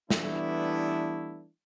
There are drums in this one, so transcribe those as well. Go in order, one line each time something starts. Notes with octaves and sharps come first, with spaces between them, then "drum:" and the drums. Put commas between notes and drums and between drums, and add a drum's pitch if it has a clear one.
E3 G3 A3 B3 D4 E4, drum: snare